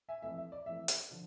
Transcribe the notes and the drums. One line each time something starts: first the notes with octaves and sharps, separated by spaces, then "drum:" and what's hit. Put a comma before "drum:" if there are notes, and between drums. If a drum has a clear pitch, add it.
E5 G#5
F2 E3 A3 E5
E5
D5
F2 E3 A3 E5
drum: hi-hat
D3 F3